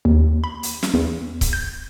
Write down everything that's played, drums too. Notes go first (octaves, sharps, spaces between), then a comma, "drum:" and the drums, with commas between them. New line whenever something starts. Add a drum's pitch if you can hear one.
D#2
B5
drum: hi-hat
drum: snare
E2
drum: kick C#1, hi-hat
G6